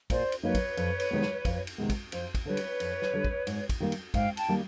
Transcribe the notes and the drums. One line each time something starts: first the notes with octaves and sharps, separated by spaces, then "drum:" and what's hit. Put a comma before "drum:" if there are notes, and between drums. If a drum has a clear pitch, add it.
A#2 C5 D5, drum: kick, cymbal
drum: cymbal
F#3 A#3 D#4 B4 C#5
drum: kick, cymbal
F2, drum: cymbal
drum: cymbal
C3 D#3 G#3 B3
drum: snare
F2, drum: kick, cymbal
drum: cymbal
C3 D#3 G#3 B3
drum: kick, cymbal
F2 C5, drum: cymbal
drum: kick, cymbal
D3 G3 B4 C#5
drum: cymbal
F2, drum: cymbal
drum: snare
D3 G3
drum: kick
G#2, drum: cymbal
drum: kick, cymbal
D#3 G3 A#3
drum: cymbal
G#2 F5 G5, drum: kick, cymbal
G5 A5, drum: cymbal
D#3 G3 A#3